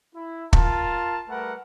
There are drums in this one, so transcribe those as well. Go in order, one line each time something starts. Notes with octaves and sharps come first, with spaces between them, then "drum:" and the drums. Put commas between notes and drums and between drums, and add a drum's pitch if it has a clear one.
E4
F4 A#4 A5, drum: kick
G3 A3 A#4 B4 F#5